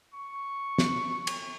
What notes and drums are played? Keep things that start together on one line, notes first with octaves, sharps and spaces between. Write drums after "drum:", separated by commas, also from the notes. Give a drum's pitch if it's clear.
C#6
drum: snare
drum: cymbal